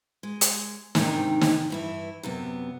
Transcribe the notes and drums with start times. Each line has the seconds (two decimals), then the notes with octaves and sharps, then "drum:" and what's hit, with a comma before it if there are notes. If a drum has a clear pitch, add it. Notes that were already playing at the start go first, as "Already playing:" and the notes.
0.23 G#3
0.41 drum: hi-hat
0.95 G#2 C3 D#3 D4 D#4 G5, drum: snare
1.41 drum: snare
1.70 G2 E3 E4
2.23 F#2 C3 B3